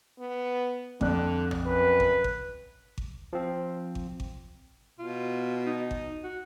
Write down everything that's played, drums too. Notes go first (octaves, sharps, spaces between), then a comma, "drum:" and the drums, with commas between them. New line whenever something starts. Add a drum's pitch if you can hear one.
B3
F2 D3 D5 F#6, drum: kick G#1
drum: tom
F#2 B4
drum: kick G#1
drum: kick G#1
drum: kick G#1
F3 C4
drum: kick G#1
drum: kick G#1
B2 F4
D#4
drum: kick G#1
F#4